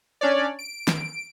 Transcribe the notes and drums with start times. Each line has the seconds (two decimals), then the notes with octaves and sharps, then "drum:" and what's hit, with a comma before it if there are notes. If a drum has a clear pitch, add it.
0.21 C#4 D4 C#5 D5
0.59 D7
0.88 drum: snare